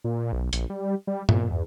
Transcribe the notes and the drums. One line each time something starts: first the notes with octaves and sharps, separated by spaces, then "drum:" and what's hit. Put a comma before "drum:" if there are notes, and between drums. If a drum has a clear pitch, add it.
A#2
B1
A#1, drum: hi-hat
G3
G3
A#2, drum: tom G2
E2